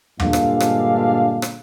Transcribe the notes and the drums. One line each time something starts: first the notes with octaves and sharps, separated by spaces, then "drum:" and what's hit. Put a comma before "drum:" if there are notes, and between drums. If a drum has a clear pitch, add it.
G2 A#2 D3 G#3 D4 F5, drum: tom
drum: rim click
drum: rim click
drum: rim click